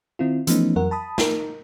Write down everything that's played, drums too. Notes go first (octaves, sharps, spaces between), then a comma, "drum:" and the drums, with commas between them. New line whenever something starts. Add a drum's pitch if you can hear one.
D#3 C4 E4 F4
E3 F3 A3 B3 C#4 D#4, drum: hi-hat
F2 E3 F#3 A#4 F#5
A5 B5 D#6
D#4 A#4, drum: snare